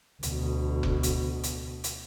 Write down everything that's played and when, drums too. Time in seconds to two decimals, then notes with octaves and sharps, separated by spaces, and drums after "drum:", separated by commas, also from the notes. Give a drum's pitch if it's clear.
0.23 D2 B2, drum: hi-hat
0.83 drum: kick F1
1.03 drum: hi-hat
1.43 drum: hi-hat
1.84 drum: hi-hat